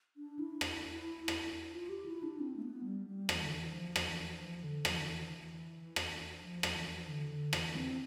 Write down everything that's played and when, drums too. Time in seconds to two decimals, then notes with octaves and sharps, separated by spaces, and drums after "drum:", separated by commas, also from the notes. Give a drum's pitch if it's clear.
0.17 D4
0.39 E4
0.61 drum: rim click
1.28 drum: rim click
1.72 F4
1.89 G4
2.06 E4
2.23 D4
2.40 C4
2.56 A3
2.62 B3
2.84 G3
3.06 G3
3.29 E3, drum: rim click
3.43 D3
3.51 E3
3.73 F3
3.96 drum: rim click
4.07 E3
4.40 F3
4.63 D3
4.85 F3, drum: rim click
4.92 E3
5.00 D3
5.07 E3
5.96 drum: rim click
6.41 F3
6.63 drum: rim click
6.74 E3
7.08 D3
7.30 D3
7.53 E3, drum: rim click
7.75 C4